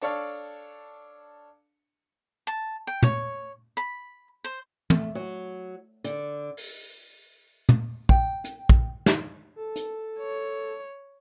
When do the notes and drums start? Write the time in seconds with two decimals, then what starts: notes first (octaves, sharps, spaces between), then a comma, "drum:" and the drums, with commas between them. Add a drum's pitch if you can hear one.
0.01 D4 A4 C#5 D5 F5
2.47 A5
2.87 G5
3.03 C#5, drum: tom
3.77 B5
4.44 C5
4.90 A3, drum: tom
5.15 F#3
6.04 D3, drum: hi-hat
6.57 drum: open hi-hat
7.69 drum: tom
8.09 G5, drum: kick
8.45 drum: hi-hat
8.69 drum: kick
9.06 drum: snare
9.56 A4
9.76 drum: hi-hat
10.19 C#5